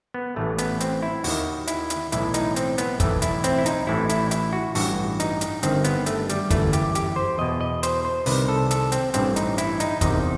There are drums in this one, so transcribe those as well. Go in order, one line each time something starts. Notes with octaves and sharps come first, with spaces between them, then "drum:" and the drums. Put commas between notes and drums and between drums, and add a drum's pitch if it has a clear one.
B3
A1 A2 E3 A3
B3, drum: hi-hat
C4, drum: hi-hat
E4
D#2 D#3 F#4, drum: open hi-hat
E4, drum: hi-hat
drum: hi-hat
B1 A2 E3 E4, drum: hi-hat
D#4, drum: hi-hat
C4, drum: hi-hat
B3, drum: hi-hat
B1 A2 E3 A3, drum: kick, hi-hat
E4, drum: hi-hat
C4, drum: hi-hat
E4
D#4, drum: hi-hat
A1 A2 E3 E4
E4, drum: hi-hat
E4, drum: hi-hat
F#4
A1 G2 E3 F#4, drum: open hi-hat
D#4, drum: hi-hat
drum: hi-hat
G1 G2 D#3 C4, drum: hi-hat
B3, drum: hi-hat
A3, drum: hi-hat
G3, drum: hi-hat
G1 F#2 E3 A3, drum: kick, hi-hat
G4, drum: hi-hat
G4, drum: hi-hat
C5
E2 B2 D#5
D#5
C5, drum: hi-hat
C5
C2 C3 D#3 B4, drum: open hi-hat
A4
A4, drum: hi-hat
C4, drum: hi-hat
A1 G2 E3 C4, drum: hi-hat
D#4, drum: hi-hat
E4, drum: hi-hat
D#4, drum: hi-hat
E2 C3 D#3 D#4, drum: kick, hi-hat